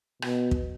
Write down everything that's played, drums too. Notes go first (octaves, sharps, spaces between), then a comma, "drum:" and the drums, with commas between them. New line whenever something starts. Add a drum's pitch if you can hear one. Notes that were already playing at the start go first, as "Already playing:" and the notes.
B2, drum: rim click
drum: kick